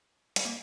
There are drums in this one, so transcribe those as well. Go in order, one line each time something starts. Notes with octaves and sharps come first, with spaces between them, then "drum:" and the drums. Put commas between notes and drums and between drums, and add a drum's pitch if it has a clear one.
G3, drum: hi-hat
A#3